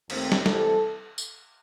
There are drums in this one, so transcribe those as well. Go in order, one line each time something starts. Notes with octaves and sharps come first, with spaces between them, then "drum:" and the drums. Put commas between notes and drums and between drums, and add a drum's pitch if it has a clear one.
D#2 D#3 A3 C4, drum: cymbal
drum: snare
C3 E3 G3 A4, drum: snare
drum: tambourine